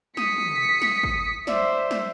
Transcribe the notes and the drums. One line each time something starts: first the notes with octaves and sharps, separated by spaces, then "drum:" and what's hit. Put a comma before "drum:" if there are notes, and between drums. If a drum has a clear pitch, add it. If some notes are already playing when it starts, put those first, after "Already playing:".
D#6 B6 C#7, drum: snare
drum: tom
drum: snare
drum: kick G1
C5 D5 E5, drum: snare
drum: snare